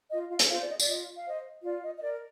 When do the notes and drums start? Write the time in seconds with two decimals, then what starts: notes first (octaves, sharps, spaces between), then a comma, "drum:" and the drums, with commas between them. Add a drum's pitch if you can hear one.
0.11 F4 D#5
0.30 F4 F5
0.39 drum: hi-hat
0.50 F4 C5 F5
0.60 D5
0.69 D#5
0.80 D5, drum: tambourine
0.88 F4 D#5
1.17 F5
1.26 C5 D#5
1.64 F4 D5
1.84 D#5
1.97 D#5
2.03 A#4 D5